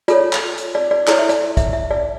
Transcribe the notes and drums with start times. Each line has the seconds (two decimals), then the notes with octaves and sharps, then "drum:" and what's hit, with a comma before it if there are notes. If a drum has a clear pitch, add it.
0.08 F4 A4 C#5 D5, drum: hi-hat
0.33 drum: clap
0.58 drum: hi-hat
0.75 D5
0.91 D5
1.07 E4 A4 C#5 D5, drum: clap
1.19 E5
1.29 D5, drum: hi-hat
1.57 E5, drum: kick, hi-hat
1.73 E5
1.91 D5